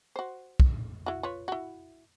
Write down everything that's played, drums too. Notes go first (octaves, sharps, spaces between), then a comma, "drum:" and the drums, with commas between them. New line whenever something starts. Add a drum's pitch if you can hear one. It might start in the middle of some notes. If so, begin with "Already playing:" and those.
F#4 C5
drum: kick
E4 F#4
F4 B4 C#5
E4 F#4